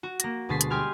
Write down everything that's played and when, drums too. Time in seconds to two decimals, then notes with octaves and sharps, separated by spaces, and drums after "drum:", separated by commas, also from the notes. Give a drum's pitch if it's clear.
0.03 F#4
0.20 A#3 A#6, drum: hi-hat
0.49 D2 B2 G#3 A6 B6 C7
0.61 drum: hi-hat
0.70 G3 G4 D#5 G#5 C6 F6